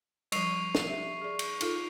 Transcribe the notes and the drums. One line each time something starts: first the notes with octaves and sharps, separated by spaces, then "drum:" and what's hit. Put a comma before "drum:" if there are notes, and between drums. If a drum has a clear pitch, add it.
F3 G3 C#6 C7 F7, drum: cymbal
drum: snare
G4 E5
G#4 D5
drum: cymbal
D#4 F4 A4, drum: cymbal